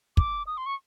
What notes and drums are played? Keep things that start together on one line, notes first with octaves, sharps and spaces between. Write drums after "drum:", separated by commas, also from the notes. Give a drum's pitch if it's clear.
D6, drum: kick
D#6
C6
C#6